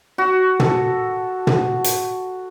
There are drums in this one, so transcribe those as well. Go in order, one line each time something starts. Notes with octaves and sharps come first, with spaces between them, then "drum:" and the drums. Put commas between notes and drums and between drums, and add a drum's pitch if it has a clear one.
F#4
A4, drum: tom
drum: tom
drum: hi-hat